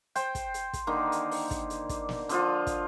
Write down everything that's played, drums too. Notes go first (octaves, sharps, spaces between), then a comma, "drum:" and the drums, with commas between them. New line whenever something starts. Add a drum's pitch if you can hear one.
C5 G5, drum: hi-hat
drum: kick, hi-hat
drum: hi-hat
drum: kick, hi-hat
D3 D#3 A#3
drum: hi-hat
drum: open hi-hat
drum: kick, hi-hat
drum: hi-hat
drum: kick, hi-hat
drum: snare
D3 F3 F4, drum: hi-hat
drum: kick, hi-hat